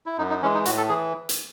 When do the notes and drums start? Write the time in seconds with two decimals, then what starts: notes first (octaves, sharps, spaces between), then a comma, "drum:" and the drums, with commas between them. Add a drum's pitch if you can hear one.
0.06 E4
0.18 F#2 D#4
0.30 D#4
0.42 E3 G#3 C#4
0.54 D#4
0.65 A2 F#4, drum: hi-hat
0.77 A4
0.89 E3 G#4
1.29 drum: hi-hat